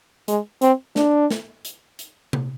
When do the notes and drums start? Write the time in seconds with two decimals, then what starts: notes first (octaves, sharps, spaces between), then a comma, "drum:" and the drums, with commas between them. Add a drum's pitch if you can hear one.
0.28 G#3, drum: hi-hat
0.62 C4, drum: hi-hat
0.96 D4, drum: snare
1.31 drum: snare
1.65 drum: hi-hat
1.99 drum: hi-hat
2.33 drum: tom C3